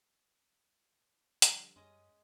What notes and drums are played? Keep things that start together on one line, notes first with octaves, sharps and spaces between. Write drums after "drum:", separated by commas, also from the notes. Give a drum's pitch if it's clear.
D3 F3 G3, drum: hi-hat
F#2 G#3 C#4 D#5 G#6 D#7